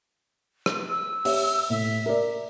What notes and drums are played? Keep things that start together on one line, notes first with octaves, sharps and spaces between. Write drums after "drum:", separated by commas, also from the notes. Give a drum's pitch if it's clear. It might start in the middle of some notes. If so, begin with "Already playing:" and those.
drum: rim click
E6
G4 C#5 E5, drum: open hi-hat
A2 E5
A#4 D5